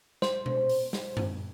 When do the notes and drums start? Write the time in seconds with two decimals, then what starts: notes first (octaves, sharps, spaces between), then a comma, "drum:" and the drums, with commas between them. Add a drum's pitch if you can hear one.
0.22 C5, drum: snare
0.46 drum: tom B2
0.69 drum: open hi-hat
0.93 drum: snare
1.17 drum: tom F#2